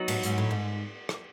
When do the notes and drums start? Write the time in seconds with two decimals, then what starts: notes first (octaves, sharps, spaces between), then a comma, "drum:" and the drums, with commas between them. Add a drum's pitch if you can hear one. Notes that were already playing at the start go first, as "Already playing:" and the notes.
Already playing: F#3 B3 D#4 F#4
0.08 A2, drum: cymbal
0.23 G#2, drum: hi-hat
0.38 A2
0.51 G#2
1.09 drum: rim click